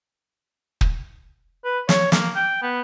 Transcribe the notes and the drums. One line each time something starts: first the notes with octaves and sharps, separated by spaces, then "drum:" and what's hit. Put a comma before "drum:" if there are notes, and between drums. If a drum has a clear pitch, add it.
drum: kick
B4
C#5, drum: snare
A#3, drum: snare
G5
B3